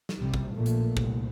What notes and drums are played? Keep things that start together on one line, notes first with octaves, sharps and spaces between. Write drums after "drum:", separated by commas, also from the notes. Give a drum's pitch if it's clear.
drum: snare
C2 C3 G3
drum: kick
A#1 A#2 A3
drum: hi-hat
C2, drum: kick